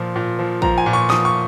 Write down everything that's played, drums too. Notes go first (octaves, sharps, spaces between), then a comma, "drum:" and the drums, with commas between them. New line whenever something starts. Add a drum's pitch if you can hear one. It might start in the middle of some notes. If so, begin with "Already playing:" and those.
Already playing: A#2 F3 C6
A#2
F3
F3 A#5, drum: kick
G#5
A#2
C#6
F3 D#6, drum: snare
C#6